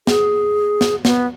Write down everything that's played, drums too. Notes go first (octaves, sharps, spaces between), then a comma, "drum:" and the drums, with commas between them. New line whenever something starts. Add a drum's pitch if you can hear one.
G#4, drum: snare
drum: snare
B3, drum: snare